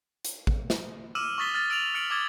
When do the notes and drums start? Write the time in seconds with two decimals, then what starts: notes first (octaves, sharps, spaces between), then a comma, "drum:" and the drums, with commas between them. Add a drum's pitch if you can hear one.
0.25 drum: hi-hat
0.47 drum: kick A1
0.70 drum: snare
1.15 D6 E6 F6 D#7 E7 F#7
1.38 C#6 D#6 A6 B6 G7
1.54 F6 A6
1.70 E6 D7 D#7 F7 F#7
1.95 F6 C#7 D7 F#7
2.10 D6 E6 G#6 A6 F#7 G7